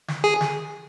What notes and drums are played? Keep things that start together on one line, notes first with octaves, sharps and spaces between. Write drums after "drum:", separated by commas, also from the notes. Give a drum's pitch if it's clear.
drum: snare
G#4
drum: snare